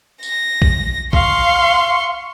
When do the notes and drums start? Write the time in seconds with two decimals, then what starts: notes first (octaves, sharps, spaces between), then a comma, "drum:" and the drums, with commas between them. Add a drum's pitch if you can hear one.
0.23 A#6, drum: tambourine
0.62 drum: kick A#1
1.13 F5 C6 C#6, drum: kick A#1